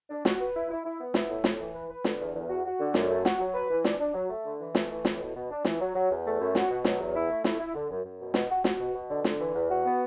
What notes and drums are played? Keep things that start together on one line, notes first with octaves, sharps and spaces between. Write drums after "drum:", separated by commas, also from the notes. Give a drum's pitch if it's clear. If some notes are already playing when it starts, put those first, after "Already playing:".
D4
F#4, drum: snare
B4
E4
E4
E4
B3
E4, drum: snare
A2
A2, drum: snare
E3
B4
B4
D3, drum: snare
E2
E2
F#4
F#4
D3
F#2, drum: snare
A3
F#4, drum: snare
F#3
B4
E3
D4, drum: snare
D4
F#3
A3
D3
E3
A3, drum: snare
E3
A2, drum: snare
B2
B2
D4
E3, drum: snare
F#3
F#3
E2
A3
F#2
F#4, drum: snare
B2
F#3, drum: snare
E2
E4
A3
E4, drum: snare
E4
D3
F#2
F#2
B2
B2, drum: snare
F#4
F#4, drum: snare
B2
B2
D3
D3, drum: snare
E3
E2
F#4
B3